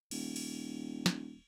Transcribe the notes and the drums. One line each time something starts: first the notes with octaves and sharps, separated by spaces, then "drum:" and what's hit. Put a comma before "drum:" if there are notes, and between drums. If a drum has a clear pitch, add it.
D#1, drum: cymbal
drum: cymbal
drum: snare